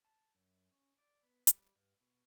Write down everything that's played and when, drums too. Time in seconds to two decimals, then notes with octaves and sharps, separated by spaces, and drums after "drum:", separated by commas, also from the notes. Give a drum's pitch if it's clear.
0.05 A5
0.35 F#2
0.72 C#4
0.98 D5
1.23 B3
1.47 G3, drum: hi-hat
1.76 G2
2.01 B2